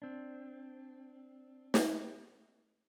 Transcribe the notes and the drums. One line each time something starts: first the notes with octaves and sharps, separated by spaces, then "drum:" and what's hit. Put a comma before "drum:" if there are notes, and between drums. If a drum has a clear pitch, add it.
C4 D4
drum: snare